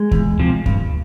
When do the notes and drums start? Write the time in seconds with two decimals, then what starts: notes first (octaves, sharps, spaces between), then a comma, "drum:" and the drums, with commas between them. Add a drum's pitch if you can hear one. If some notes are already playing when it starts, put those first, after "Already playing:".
Already playing: G#3
0.11 E2, drum: kick D2
0.39 C3 F3
0.66 G2, drum: kick D2